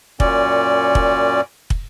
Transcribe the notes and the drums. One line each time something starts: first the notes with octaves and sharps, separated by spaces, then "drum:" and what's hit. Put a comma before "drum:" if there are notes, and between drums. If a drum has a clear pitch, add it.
F#2 A#2 C#4 D5, drum: kick
drum: kick
drum: kick